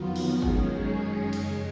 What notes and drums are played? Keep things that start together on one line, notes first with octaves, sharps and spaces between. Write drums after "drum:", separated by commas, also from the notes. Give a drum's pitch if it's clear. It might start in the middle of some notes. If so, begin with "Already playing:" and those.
Already playing: F2 D#3 F#3 B3 F4
drum: cymbal
F#2 D#3 G#3 C#4 G#4
drum: kick
F2 C#3 G#3, drum: cymbal